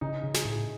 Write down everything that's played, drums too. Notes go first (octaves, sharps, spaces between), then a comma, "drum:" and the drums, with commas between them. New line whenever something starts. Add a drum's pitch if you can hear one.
C#3 D#4
C#3
G#4, drum: snare
A2